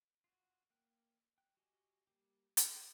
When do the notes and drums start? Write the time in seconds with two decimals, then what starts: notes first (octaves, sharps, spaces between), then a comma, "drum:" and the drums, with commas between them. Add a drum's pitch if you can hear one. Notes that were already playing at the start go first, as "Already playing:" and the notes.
0.24 F4 F#4
0.70 A#3 G5 F#6
1.38 G5 F#6
1.57 F#4 G4 D#5 G#5
2.07 G3 A#3 G4
2.57 drum: hi-hat
2.68 D4 D#5